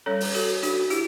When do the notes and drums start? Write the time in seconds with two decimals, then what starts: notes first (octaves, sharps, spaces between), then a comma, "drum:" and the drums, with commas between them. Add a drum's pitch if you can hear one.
0.06 G3 C#4 A4 C#5
0.20 drum: open hi-hat
0.34 F#4 A4, drum: hi-hat
0.63 D4 F#4, drum: hi-hat
0.90 E4 G4, drum: hi-hat